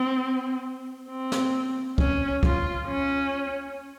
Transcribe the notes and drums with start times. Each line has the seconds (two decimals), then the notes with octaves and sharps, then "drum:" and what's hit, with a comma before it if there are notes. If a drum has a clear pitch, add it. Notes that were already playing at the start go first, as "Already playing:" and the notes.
Already playing: C4
1.09 C4
1.32 drum: snare
1.98 C#4, drum: kick
2.43 F4, drum: kick
2.87 C#4